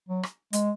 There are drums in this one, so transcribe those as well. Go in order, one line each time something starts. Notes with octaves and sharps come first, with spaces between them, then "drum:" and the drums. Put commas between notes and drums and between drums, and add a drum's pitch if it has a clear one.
F#3
drum: rim click
G#3, drum: hi-hat